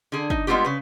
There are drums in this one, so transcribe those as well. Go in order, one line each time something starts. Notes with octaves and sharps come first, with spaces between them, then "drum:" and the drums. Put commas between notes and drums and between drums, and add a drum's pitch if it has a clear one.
D3 G#4
D#4, drum: kick
G3 G#3 B3 C4 F4 G4
C#3 B4